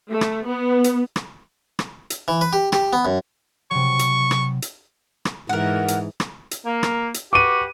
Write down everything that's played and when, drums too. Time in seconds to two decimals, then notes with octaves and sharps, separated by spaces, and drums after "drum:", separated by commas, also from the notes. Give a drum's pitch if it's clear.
0.10 A3
0.21 drum: rim click
0.46 B3
0.84 drum: hi-hat
1.16 drum: rim click
1.79 drum: rim click
2.10 drum: hi-hat
2.28 E3
2.41 B4
2.53 G4
2.72 G4, drum: rim click
2.93 B3
3.05 F#2
3.71 C3 F#3 C#6
3.99 drum: hi-hat
4.31 drum: rim click
4.62 drum: hi-hat
5.25 drum: rim click
5.49 G#2 E3 A#4 F#5
5.88 drum: hi-hat
6.20 drum: rim click
6.51 drum: hi-hat
6.66 A#3
6.83 drum: rim click
7.14 drum: hi-hat
7.33 F#4 G4 B4 D6 D#7